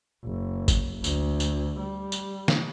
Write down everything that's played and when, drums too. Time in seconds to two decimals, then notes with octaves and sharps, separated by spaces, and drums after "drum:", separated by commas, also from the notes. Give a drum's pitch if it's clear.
0.25 F#1
0.68 drum: kick G1, tambourine
1.04 D2, drum: tambourine
1.40 drum: tambourine
1.80 G3
2.12 drum: tambourine
2.48 drum: snare